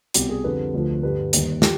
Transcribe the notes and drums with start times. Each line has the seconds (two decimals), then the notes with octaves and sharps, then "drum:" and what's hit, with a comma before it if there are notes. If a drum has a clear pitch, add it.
0.14 C2 B2 G3 G4, drum: hi-hat
0.29 G#4
0.44 F2 D3 G3 B4
0.74 D2 D3 F3
1.03 G2 D3 G3 B4
1.33 D#2 D#3 G3, drum: hi-hat
1.62 F3 G4, drum: snare